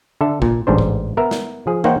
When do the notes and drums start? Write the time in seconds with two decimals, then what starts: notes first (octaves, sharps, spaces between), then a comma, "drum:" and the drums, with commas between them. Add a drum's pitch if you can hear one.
0.21 D3 A4 E5
0.42 A#2, drum: kick
0.67 A1 G#2 D4 C5
0.78 drum: kick
1.17 B3 A#4 E5
1.31 drum: snare
1.67 F3 G#4
1.84 A#3 D#4 C5 C#5 F#5 G5, drum: tom